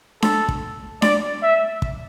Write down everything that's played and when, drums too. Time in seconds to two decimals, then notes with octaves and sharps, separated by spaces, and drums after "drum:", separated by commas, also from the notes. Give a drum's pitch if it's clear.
0.22 A4, drum: snare D4
0.49 drum: kick
1.02 D5, drum: snare D4
1.43 E5
1.82 drum: kick